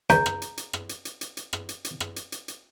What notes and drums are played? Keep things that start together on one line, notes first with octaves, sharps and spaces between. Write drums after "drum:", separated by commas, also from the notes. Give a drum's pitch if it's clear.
C#2 A#5 G6, drum: hi-hat
drum: rim click
drum: hi-hat
drum: hi-hat
drum: rim click
drum: hi-hat
drum: hi-hat
drum: hi-hat
drum: hi-hat
drum: rim click
drum: hi-hat
drum: hi-hat
drum: rim click
drum: hi-hat
drum: hi-hat
drum: hi-hat